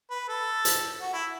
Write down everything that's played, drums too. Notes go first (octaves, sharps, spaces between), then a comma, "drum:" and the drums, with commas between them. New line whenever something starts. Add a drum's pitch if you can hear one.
B4
A4
drum: hi-hat
F#4
E4